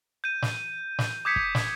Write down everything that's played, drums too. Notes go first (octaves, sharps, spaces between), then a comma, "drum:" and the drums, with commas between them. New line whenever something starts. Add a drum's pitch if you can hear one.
G6 D#7
drum: snare
drum: snare
D6 D#6 G6 G#6 B6 C#7
drum: kick
drum: snare